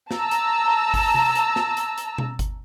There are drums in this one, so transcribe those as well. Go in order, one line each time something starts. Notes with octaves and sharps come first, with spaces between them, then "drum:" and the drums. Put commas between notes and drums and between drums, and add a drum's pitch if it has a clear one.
A5 A#5 E6, drum: snare
drum: hi-hat
drum: kick G1, open hi-hat
drum: tom C3
drum: hi-hat
drum: snare
drum: hi-hat
drum: hi-hat
drum: tom B2
drum: kick G1, hi-hat